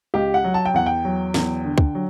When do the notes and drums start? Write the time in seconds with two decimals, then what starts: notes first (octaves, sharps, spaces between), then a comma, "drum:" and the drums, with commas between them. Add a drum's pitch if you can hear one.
0.14 C#2 G4
0.34 F#5
0.44 F#3
0.54 A5
0.65 G5
0.74 E2 F#5
0.86 G5
1.05 F#3
1.34 E2, drum: snare
1.65 D3
1.78 drum: kick
1.95 F#3